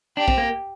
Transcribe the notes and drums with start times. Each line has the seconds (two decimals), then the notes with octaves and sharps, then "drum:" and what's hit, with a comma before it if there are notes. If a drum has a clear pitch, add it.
0.17 D4 G4
0.28 C4, drum: kick A#1
0.38 A#3